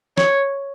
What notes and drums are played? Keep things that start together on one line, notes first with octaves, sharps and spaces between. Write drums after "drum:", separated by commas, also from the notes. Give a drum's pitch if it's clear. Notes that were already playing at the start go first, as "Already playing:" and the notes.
C#5, drum: snare